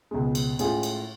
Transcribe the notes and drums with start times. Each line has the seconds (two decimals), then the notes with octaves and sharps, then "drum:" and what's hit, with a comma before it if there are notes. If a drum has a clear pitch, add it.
0.11 C#2 B2 G#3
0.35 drum: cymbal
0.59 A2 G#3 C#4 F4 G#4, drum: cymbal
0.83 drum: cymbal